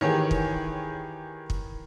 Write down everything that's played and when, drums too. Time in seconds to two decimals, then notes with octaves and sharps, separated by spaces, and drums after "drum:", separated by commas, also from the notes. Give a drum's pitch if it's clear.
0.01 D#3 E3 G4 G#4 C#5
0.31 drum: kick
1.50 drum: kick